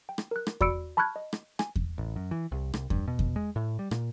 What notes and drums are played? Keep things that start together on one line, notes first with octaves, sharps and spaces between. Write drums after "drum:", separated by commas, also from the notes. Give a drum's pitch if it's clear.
G5
drum: rim click
A#4 F#6
drum: rim click
F#4 D5 B5 E6 C#7 D7, drum: kick E2
A5 B5 C#6 F6 F#6 G#6
D#5
drum: rim click
G#5, drum: rim click
drum: kick E2
A1
F#2
E3
C2
C2, drum: rim click
G2, drum: kick E2
B2
drum: kick E2
G#3
A2
G3
A#2, drum: rim click